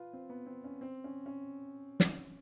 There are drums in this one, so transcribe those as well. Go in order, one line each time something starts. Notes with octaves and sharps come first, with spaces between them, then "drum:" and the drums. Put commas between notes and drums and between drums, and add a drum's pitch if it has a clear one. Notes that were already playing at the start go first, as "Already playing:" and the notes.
Already playing: F4 B4
C4
B3
C4
C#4
C4
C#4
C#4
drum: snare